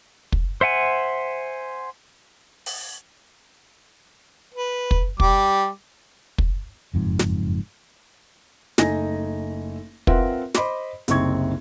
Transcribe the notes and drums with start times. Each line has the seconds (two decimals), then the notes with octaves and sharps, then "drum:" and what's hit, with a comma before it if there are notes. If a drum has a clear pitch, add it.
0.32 drum: kick
0.61 C5 E5 F#5 G#5
2.66 drum: open hi-hat
4.54 B4
4.91 drum: kick
5.20 G3 D6, drum: kick
6.38 drum: kick
6.93 F#1 F2 G#2
7.19 drum: snare
8.78 F#1 A3 D#4 G#5 A#6, drum: snare
10.07 C4 F4 A#4 B4 E5 F#5, drum: kick
10.54 C5 D#5 B5 C6 D6, drum: snare
11.08 F#1 C2 C4 D#4 C#6 G#6, drum: hi-hat